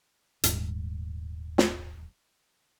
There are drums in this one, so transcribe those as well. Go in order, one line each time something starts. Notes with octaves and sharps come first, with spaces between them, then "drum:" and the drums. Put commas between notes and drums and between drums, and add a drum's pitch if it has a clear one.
D#1 G#2, drum: hi-hat
drum: snare